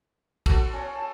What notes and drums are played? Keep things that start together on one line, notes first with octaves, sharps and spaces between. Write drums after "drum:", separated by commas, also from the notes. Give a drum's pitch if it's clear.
F#4 A4, drum: kick, cymbal
C#4 C#5
A5